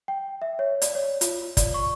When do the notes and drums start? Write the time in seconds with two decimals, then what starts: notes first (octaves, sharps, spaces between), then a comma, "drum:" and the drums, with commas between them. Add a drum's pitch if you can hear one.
0.08 G5
0.42 E5
0.59 C#5
0.82 D5, drum: hi-hat
0.95 C#5
1.21 F4, drum: hi-hat
1.57 D5, drum: kick, hi-hat
1.74 C#6